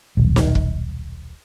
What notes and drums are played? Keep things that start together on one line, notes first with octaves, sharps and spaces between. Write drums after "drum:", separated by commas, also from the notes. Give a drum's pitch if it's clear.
D#1 B1
drum: snare
drum: kick